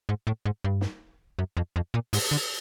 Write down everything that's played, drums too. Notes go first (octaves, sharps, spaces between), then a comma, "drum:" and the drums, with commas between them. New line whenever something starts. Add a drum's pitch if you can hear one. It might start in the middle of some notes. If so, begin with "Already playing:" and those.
G#2
A2
G#2
G2
drum: snare
F#2
F2
F2
A#2
G#2, drum: open hi-hat
D3